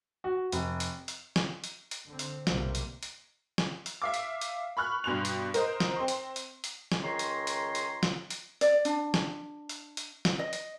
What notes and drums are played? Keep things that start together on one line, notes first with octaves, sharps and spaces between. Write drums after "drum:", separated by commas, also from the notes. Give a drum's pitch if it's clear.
F#4
F1, drum: hi-hat
drum: hi-hat
drum: hi-hat
drum: snare
drum: hi-hat
drum: hi-hat
D3 C4
drum: hi-hat
B1 G2 C3 G3 A#3, drum: snare
drum: hi-hat
drum: hi-hat
drum: snare
drum: hi-hat
E5 F5 D6
drum: hi-hat
drum: hi-hat
B5 C#6 F6 F#6
G2 B2 C6 F#6 F7
drum: hi-hat
A#4 C5 D#5, drum: hi-hat
drum: snare
C4 C6
drum: hi-hat
drum: hi-hat
drum: hi-hat
drum: snare
C#2 D#3 C#5 A#5 C6
drum: hi-hat
drum: hi-hat
drum: hi-hat
drum: snare
drum: hi-hat
D5, drum: hi-hat
D4, drum: hi-hat
drum: snare
drum: hi-hat
drum: hi-hat
drum: snare
D#5
drum: hi-hat